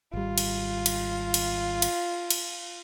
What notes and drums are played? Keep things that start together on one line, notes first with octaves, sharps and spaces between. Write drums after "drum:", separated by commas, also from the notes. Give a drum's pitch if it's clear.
G#1 G3 F4
drum: cymbal
drum: cymbal
drum: cymbal
drum: cymbal
drum: cymbal